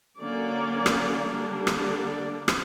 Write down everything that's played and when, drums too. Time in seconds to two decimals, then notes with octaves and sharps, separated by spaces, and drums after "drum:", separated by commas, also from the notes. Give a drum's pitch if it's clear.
0.18 D3 F#3 A#3 C#4 D5
0.86 drum: rim click
1.26 D3 G3 A#3 D4
1.67 drum: rim click
1.81 D5
2.48 drum: rim click